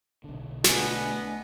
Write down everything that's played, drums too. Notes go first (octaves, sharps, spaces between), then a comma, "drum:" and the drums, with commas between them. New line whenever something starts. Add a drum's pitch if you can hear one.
B1 D3
A3 B3 D4 D#5 E5 G#5, drum: snare